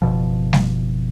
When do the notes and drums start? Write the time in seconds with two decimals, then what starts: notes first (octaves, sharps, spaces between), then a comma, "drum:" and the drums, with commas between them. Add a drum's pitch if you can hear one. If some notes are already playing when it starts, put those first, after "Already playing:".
0.02 F#1 C2 B2 F3
0.53 drum: snare